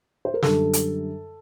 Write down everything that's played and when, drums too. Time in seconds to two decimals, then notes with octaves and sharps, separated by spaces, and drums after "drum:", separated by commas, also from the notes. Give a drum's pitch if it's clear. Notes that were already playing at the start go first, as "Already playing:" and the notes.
0.25 C5
0.34 A#4
0.43 F#2 D3 G3 A4, drum: snare
0.73 drum: hi-hat